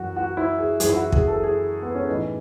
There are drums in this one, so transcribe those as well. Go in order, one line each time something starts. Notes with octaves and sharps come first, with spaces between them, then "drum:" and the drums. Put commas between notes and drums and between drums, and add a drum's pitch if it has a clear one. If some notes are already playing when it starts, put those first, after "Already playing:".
Already playing: F#2 E3 F#4
F#4
E4
G#4
F#2 E3 G#4, drum: hi-hat
E4
F#4
G#4, drum: kick
A4
G#4
B3
C#4
A2 E3 D#4